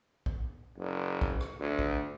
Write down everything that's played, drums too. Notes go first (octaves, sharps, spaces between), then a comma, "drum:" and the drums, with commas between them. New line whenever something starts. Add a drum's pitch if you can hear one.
drum: kick
F#1
drum: kick
drum: rim click
D2
drum: kick